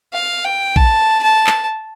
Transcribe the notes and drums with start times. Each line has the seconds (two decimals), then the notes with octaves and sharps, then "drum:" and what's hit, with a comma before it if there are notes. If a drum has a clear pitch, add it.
0.13 F5
0.45 G5
0.76 A5, drum: kick
1.23 A5
1.47 drum: clap